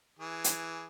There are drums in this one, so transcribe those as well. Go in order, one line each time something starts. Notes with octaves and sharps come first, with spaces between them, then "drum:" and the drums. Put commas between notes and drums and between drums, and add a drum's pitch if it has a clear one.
E3 G#4
drum: hi-hat